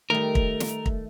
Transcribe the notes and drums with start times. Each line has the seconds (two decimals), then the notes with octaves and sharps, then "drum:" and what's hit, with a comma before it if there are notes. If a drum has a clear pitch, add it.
0.10 D#3 G3 A3 A#4
0.35 drum: kick
0.60 drum: snare
0.86 drum: kick